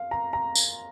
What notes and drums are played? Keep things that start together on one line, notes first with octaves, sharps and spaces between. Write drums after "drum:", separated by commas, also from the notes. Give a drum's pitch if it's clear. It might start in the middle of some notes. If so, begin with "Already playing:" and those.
Already playing: F5
A#5
A#5
drum: tambourine